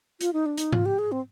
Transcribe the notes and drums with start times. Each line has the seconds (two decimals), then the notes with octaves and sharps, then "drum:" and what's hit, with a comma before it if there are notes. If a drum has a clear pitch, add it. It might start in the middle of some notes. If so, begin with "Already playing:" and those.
0.21 F4, drum: hi-hat
0.33 D#4
0.46 D4
0.57 D#4, drum: hi-hat
0.72 F4, drum: tom G#2
0.86 G4
0.99 G#4
1.12 C4